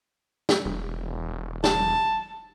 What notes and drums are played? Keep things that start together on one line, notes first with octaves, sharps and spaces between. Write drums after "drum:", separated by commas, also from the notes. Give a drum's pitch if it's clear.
drum: snare
E1
A5, drum: snare